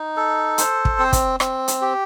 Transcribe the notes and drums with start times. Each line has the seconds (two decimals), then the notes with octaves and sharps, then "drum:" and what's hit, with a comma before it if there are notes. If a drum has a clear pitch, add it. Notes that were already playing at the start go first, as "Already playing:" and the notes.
Already playing: D#4
0.17 A4
0.58 C5, drum: hi-hat
0.85 drum: kick
0.99 C4
1.13 drum: kick, hi-hat
1.40 C4, drum: rim click
1.68 drum: hi-hat
1.81 G4